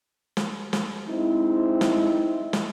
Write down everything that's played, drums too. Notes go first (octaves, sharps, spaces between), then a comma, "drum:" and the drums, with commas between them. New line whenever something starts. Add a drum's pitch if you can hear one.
drum: snare
drum: snare
G#3 C4 D#4 E4
drum: snare
drum: snare